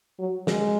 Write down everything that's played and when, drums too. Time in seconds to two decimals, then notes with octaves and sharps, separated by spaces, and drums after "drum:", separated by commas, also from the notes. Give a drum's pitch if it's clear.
0.19 F#3
0.47 G#3, drum: snare